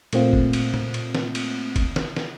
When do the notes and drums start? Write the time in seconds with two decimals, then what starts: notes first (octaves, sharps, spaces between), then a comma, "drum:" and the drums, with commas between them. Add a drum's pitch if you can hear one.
0.13 A#2 A3 A#3 C4 F4, drum: cymbal
0.33 drum: kick
0.53 drum: cymbal
0.74 drum: tom
0.94 drum: cymbal
1.15 drum: snare
1.35 drum: cymbal
1.76 drum: kick, cymbal
1.96 drum: snare
2.17 drum: snare